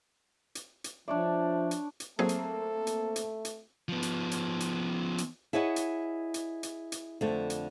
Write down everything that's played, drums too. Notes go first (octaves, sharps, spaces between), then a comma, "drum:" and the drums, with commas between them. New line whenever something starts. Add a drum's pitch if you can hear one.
drum: hi-hat
drum: hi-hat
F3 D4 C#5 D5 E5
drum: hi-hat
drum: hi-hat
F#3 A3 A#3 C4 G#4 A4
drum: hi-hat
drum: hi-hat
drum: hi-hat
drum: hi-hat
F3 B3
drum: hi-hat
drum: hi-hat
drum: hi-hat
drum: hi-hat
E4 G#4 C#5 D#5 F#5
drum: hi-hat
drum: hi-hat
drum: hi-hat
drum: hi-hat
F2 D3 A3
drum: hi-hat